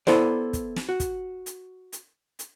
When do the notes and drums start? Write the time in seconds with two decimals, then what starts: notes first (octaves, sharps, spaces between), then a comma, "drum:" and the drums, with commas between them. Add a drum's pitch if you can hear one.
0.07 B3 E4 A4 C5 D5, drum: snare
0.53 drum: kick, hi-hat
0.76 drum: snare
0.89 F#4
1.00 drum: kick, hi-hat
1.46 drum: hi-hat
1.92 drum: hi-hat
2.39 drum: hi-hat